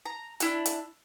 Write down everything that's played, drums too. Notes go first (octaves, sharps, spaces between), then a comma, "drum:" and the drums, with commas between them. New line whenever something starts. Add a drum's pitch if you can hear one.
A#5
D4 E4 F#4, drum: hi-hat
drum: hi-hat